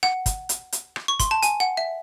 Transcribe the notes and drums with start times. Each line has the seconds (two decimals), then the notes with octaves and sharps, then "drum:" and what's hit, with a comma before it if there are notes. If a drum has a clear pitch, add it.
0.03 F#5, drum: rim click
0.26 drum: kick, hi-hat
0.49 drum: hi-hat
0.72 drum: hi-hat
0.96 drum: rim click
1.08 C#6
1.20 C6, drum: kick, hi-hat
1.31 A5
1.43 G#5, drum: hi-hat
1.60 F#5
1.77 E5